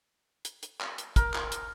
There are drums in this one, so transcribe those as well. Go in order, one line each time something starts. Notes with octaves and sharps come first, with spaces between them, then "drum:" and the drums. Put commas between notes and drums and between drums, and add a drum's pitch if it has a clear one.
drum: hi-hat
drum: hi-hat
drum: clap
drum: hi-hat
A#4, drum: kick, hi-hat
drum: clap
drum: hi-hat